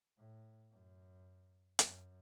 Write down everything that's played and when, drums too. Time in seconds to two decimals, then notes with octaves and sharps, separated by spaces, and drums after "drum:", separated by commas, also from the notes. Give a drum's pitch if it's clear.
0.18 A2
0.71 F#2
1.79 F#2, drum: hi-hat